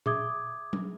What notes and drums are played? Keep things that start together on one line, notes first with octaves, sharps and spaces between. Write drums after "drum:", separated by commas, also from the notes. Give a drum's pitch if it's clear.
G#4 E5 D6 D#6 G#6, drum: tom A#2
drum: tom F#3